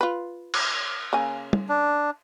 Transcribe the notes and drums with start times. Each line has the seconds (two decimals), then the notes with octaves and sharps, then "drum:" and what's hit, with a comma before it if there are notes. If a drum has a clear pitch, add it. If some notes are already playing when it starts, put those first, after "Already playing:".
0.01 F4 B4
0.54 drum: cymbal
1.13 C#3 A#3 G#5
1.53 drum: tom
1.69 D4